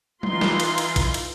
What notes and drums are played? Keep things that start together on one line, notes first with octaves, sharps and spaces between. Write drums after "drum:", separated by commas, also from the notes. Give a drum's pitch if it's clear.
E3 D#4 F4 C6, drum: tom F#3
drum: snare
drum: cymbal
drum: cymbal
drum: kick, cymbal
drum: cymbal